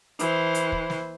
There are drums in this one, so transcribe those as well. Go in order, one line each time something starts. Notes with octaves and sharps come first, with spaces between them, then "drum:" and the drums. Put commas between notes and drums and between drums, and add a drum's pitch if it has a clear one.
E3 C5, drum: hi-hat
drum: hi-hat
drum: kick
drum: snare